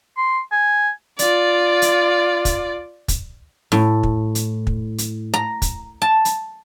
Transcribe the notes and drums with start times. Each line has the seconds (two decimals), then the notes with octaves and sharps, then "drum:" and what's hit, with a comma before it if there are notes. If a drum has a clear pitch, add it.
0.17 C6
0.52 G#5
1.19 F4 D5, drum: hi-hat
1.82 drum: hi-hat
2.45 drum: kick, hi-hat
3.08 drum: kick, hi-hat
3.72 A2, drum: snare
4.03 drum: kick
4.35 drum: hi-hat
4.67 drum: kick
4.98 drum: hi-hat
5.34 A#5
5.62 drum: kick, hi-hat
6.02 A5
6.25 drum: hi-hat